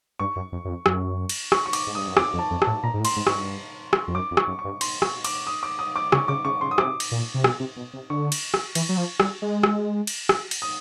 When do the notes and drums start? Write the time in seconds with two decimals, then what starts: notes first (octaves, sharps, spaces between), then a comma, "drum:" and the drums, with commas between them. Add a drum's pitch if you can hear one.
0.19 G2 C#6
0.36 F#2
0.52 F2
0.65 F#2
0.69 F2
0.86 F#2, drum: rim click
1.29 drum: cymbal
1.52 C#6, drum: rim click
1.66 C#6
1.73 D6, drum: cymbal
1.87 G#2
1.95 G2 D#6
2.08 F#2
2.17 F2 D6, drum: rim click
2.34 F2
2.39 A5
2.51 F2
2.62 A5, drum: rim click
2.67 A2
2.83 A#2 A#5
2.94 G#2
3.00 A2
3.05 C6, drum: cymbal
3.16 G#2
3.27 G#2 C#6, drum: rim click
3.33 G2
3.93 drum: rim click
4.08 F2
4.15 F#2 D6
4.31 F2
4.37 C#6, drum: rim click
4.47 F#2
4.59 C#6
4.65 G2
4.81 C6, drum: cymbal
5.02 C#6, drum: rim click
5.24 D6, drum: cymbal
5.47 D#6
5.63 D6
5.79 D#6
5.96 D6
6.12 C#3 C#6, drum: rim click
6.28 C#3 D6
6.45 C#3 C#6
6.61 C#3 C6
6.71 D#6
6.78 C3 D6, drum: rim click
7.00 drum: cymbal
7.11 A#2
7.34 C3
7.44 B2, drum: rim click
7.60 C3
7.76 B2
7.94 C3
8.10 D3 C#6
8.32 drum: cymbal
8.54 drum: rim click
8.75 E3, drum: cymbal
8.89 F#3
8.97 F3
9.20 G3, drum: rim click
9.42 G#3
9.63 drum: rim click
10.07 drum: cymbal
10.29 drum: rim click
10.51 drum: cymbal
10.62 D#6